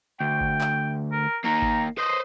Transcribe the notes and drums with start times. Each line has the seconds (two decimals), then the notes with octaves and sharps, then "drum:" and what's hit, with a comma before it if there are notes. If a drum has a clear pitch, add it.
0.20 D2 G5
0.41 drum: kick G#1
0.61 drum: clap
1.12 A#4
1.45 A#3 D#4 A#5
1.62 drum: kick G#1
1.98 B4 C5 D#5